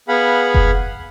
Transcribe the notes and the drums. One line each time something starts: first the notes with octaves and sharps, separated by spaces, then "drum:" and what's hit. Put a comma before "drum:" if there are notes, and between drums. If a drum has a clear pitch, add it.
B3 G#4 F5 F#5 B5
drum: kick F1